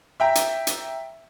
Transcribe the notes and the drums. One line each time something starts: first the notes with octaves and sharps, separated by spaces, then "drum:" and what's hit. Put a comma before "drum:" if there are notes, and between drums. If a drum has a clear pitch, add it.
E5 G5 A#5
drum: hi-hat
drum: hi-hat